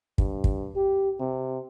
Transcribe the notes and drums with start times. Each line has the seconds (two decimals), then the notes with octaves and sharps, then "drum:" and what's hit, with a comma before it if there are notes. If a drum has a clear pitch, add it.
0.18 G2, drum: kick
0.44 drum: kick
0.76 G4
1.20 C3